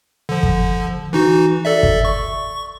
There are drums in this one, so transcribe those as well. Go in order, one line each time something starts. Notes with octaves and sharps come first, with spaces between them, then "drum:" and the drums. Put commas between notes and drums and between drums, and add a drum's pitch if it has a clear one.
D3 F3
drum: kick
E3 D#4 F#4
A4 D5 E5
drum: kick
C#6